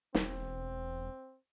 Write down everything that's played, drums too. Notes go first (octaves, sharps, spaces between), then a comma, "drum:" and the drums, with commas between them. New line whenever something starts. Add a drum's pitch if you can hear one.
E1 C4, drum: snare